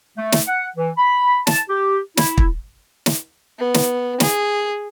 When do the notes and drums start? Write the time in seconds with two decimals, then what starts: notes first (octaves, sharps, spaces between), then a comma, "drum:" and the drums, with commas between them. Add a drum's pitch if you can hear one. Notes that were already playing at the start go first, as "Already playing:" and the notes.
0.17 A3
0.32 drum: snare
0.47 F#5
0.77 E3
0.97 B5
1.47 A5, drum: snare
1.69 G4
2.17 E4, drum: snare
2.38 drum: kick
3.06 drum: snare
3.58 B3
3.74 drum: snare
4.20 G#4, drum: snare